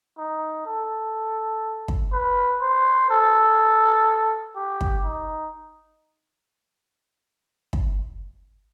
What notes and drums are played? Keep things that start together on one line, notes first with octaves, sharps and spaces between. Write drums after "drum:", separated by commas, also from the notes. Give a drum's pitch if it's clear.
D#4
A4
drum: kick
B4
C5
A4
G4
drum: kick
D#4
drum: kick